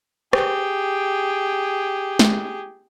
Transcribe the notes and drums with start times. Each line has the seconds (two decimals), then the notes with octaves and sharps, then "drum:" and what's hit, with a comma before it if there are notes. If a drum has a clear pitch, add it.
0.33 G4 G#4, drum: rim click
2.19 drum: snare